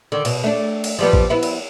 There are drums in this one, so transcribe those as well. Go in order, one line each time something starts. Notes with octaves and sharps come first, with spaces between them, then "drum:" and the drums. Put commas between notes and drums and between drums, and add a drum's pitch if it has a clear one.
D3 D#3
B2, drum: cymbal
A3 D4
drum: cymbal
F3 G3 B3
drum: kick A1
B3 E4
drum: cymbal